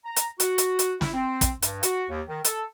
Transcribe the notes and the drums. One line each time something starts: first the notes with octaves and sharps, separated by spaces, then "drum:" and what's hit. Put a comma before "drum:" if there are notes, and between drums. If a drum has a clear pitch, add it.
A#5
drum: hi-hat
F#4, drum: hi-hat
drum: hi-hat
drum: hi-hat
E4, drum: snare
C4
drum: kick, hi-hat
G2, drum: hi-hat
F#4, drum: hi-hat
D#2
D#3
A4, drum: hi-hat